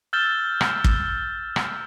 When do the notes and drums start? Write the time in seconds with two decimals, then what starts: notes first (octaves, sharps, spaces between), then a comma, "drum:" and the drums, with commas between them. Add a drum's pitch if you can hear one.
0.13 E6 F6 G6 A6 E7 G7
0.61 drum: rim click
0.84 drum: kick
1.56 drum: rim click